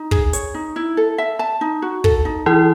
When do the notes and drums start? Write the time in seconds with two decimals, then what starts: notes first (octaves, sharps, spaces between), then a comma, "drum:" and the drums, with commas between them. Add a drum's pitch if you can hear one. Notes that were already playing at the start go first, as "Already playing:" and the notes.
Already playing: D#4
0.11 G#4, drum: kick
0.33 C#5, drum: hi-hat
0.54 D#4
0.76 E4
0.97 A4
1.18 E5
1.39 A5
1.61 D#4
1.82 F#4
2.04 A4, drum: kick
2.25 D#4
2.46 E3 E4 G#4